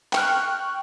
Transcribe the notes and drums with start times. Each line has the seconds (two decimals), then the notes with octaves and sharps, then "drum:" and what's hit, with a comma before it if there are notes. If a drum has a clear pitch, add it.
0.13 G5 C#6 F6 F#6, drum: clap